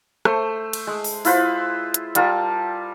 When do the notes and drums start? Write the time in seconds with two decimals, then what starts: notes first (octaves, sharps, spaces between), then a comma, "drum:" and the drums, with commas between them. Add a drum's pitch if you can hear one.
0.25 A3 C5 C6, drum: rim click
0.73 drum: cymbal
0.87 G#3
1.04 drum: open hi-hat
1.25 E4 F4 B4 C5, drum: open hi-hat
1.94 drum: hi-hat
2.15 G3 F4 A#4 A5, drum: hi-hat